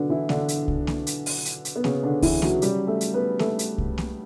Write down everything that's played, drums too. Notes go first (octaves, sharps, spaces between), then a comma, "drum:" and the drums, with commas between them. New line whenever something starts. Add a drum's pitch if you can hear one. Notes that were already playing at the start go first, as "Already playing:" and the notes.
Already playing: B2 D3 F#3 B3 D4
E3 E4
D3 D4, drum: snare A#3
drum: hi-hat
drum: kick C2
drum: snare A#3
drum: hi-hat
drum: open hi-hat
drum: hi-hat
drum: hi-hat
B3
C#3 C#4, drum: snare A#3
D3 D4
E3 E4, drum: kick C2, open hi-hat
F#3 F#4, drum: snare A#3
C#3 F#3 G3 G4, drum: hi-hat
A3 A4
drum: hi-hat
B3 B4
A3 A4, drum: snare A#3
drum: hi-hat
drum: kick C2
drum: snare A#3